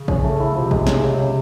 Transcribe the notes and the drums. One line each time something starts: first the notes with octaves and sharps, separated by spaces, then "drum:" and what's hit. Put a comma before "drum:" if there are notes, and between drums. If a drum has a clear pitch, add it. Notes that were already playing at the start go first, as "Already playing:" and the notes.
Already playing: C#3
C#4, drum: kick A1
A3
E4
C3 F3
G#3, drum: kick A1
C#4, drum: snare
C#3
C#3